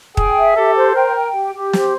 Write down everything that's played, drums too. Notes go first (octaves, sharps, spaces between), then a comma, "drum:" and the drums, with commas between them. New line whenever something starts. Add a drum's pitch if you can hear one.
G#4 G5, drum: kick
E5
G4 A4
C5
A#4 G5
G5
G4
G4
C5, drum: snare